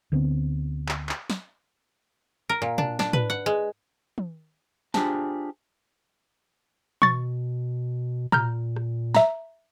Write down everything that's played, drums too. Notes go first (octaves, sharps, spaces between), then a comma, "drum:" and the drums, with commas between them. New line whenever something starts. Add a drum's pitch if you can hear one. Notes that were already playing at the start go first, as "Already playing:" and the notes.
D2 D3 B3 C4
drum: clap
drum: clap
drum: snare
A#4
A#2
D4, drum: tom
D4, drum: snare
B4, drum: tom
F#5
G#3
drum: tom
D4 F4 G4 G#4 C5 A5, drum: snare
B2 C#6 A6, drum: tom
A#2 A#5 F6 G6, drum: tom
drum: rim click
E5 A#5, drum: snare